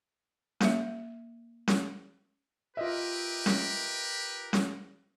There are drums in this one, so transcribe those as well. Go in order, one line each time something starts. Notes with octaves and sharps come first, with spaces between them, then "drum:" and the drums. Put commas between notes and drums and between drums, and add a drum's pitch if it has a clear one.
A#3 E5, drum: snare C#4
drum: snare C#4
F4 G4 A#4 B4 D#5 E5
drum: snare C#4
drum: snare C#4